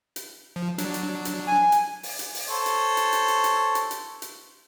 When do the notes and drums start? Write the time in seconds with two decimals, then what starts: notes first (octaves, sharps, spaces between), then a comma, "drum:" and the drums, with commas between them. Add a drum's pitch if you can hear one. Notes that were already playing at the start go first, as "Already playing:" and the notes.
0.16 drum: hi-hat
0.56 F3
0.78 F#3 D4, drum: hi-hat
0.94 drum: hi-hat
1.25 drum: hi-hat
1.47 G#5
1.72 drum: hi-hat
2.03 drum: open hi-hat
2.19 drum: hi-hat
2.34 drum: open hi-hat
2.49 A4 C5 C#5
2.66 drum: hi-hat
2.97 drum: hi-hat
3.13 drum: hi-hat
3.28 drum: hi-hat
3.44 drum: hi-hat
3.75 drum: hi-hat
3.91 drum: hi-hat
4.22 drum: hi-hat